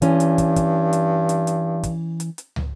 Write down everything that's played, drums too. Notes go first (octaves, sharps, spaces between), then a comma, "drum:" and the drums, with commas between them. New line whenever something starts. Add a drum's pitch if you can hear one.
G2 E3 C#4, drum: hi-hat
drum: hi-hat
drum: kick, hi-hat
drum: kick, hi-hat
drum: hi-hat
drum: hi-hat
drum: hi-hat
drum: kick, hi-hat
drum: hi-hat
drum: hi-hat
drum: tom